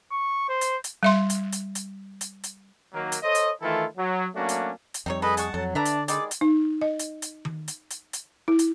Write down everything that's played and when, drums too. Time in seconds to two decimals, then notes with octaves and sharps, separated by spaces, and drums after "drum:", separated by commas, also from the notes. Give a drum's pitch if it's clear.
0.12 C#6
0.49 C5
0.61 drum: hi-hat
0.84 drum: hi-hat
1.03 G3 E5 C6
1.30 drum: hi-hat
1.52 drum: hi-hat
1.75 drum: hi-hat
2.21 drum: hi-hat
2.44 drum: hi-hat
2.93 D#3 F#3 A#3
3.12 drum: hi-hat
3.22 A4 C5 C#5 D#5
3.35 drum: hi-hat
3.61 D#3 E3 A3 E4 F4 A4
3.97 F#3
4.34 F#3 A3 A#3 C#4 D4 F#4
4.49 drum: hi-hat
4.94 drum: hi-hat
5.06 F2 G3 C4 D#4 C#5
5.22 G#4 A4 B4 D#5 B5
5.37 G#3 F#5 A5 C#6, drum: hi-hat
5.54 F2 F#3 A4
5.75 D3 D4 B4 D5 E5 A#5
5.85 drum: hi-hat
6.08 D#3 G3 G#3 G#4 D5 D6, drum: hi-hat
6.31 drum: hi-hat
6.41 D#4
6.81 D#5
6.99 drum: hi-hat
7.22 drum: hi-hat
7.45 drum: tom D#3
7.68 drum: hi-hat
7.90 drum: hi-hat
8.13 drum: hi-hat
8.48 E4
8.59 drum: hi-hat